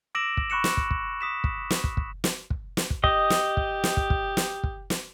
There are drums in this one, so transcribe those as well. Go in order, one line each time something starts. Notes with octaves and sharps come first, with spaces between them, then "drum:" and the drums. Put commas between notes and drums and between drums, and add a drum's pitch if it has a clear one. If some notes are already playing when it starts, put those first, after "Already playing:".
D6 E6 A#6 D7 E7 F#7
drum: kick
B5 C#6 F#6 C#7 E7
drum: snare
drum: kick
drum: kick
D#6 B6 E7
drum: kick
drum: snare
drum: kick
drum: kick
drum: snare
drum: kick
drum: snare
drum: kick
G4 D#5, drum: kick
drum: snare
drum: kick
drum: snare
drum: kick
drum: kick
drum: snare
drum: kick
drum: snare